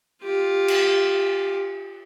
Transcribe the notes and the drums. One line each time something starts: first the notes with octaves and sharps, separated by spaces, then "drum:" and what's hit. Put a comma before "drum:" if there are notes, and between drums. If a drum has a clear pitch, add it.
F4 G4
drum: cymbal